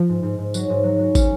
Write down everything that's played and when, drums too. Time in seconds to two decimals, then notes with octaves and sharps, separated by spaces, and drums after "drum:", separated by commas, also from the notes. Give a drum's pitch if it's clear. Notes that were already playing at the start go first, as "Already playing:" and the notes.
Already playing: F3
0.09 G#2
0.23 G#2
0.39 G#2
0.54 F#3, drum: tambourine
0.70 G#2
0.84 F#3
0.99 F#3
1.15 C#4, drum: kick, tambourine